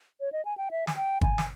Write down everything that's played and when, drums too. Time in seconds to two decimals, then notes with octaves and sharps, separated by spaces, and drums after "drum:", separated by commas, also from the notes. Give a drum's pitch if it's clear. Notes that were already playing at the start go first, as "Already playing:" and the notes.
0.20 C#5
0.32 D#5
0.45 G#5
0.58 G5
0.71 E5
0.87 G#5, drum: snare
0.96 G5
1.21 G#5, drum: kick
1.38 drum: snare